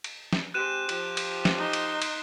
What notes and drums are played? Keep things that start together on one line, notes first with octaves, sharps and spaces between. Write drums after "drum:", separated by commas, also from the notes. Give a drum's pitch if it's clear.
drum: cymbal
drum: snare
G#3 C4 G4 F#6 D#7 E7
F3 G4, drum: cymbal
drum: cymbal
drum: snare
D#4 C6
drum: cymbal
drum: cymbal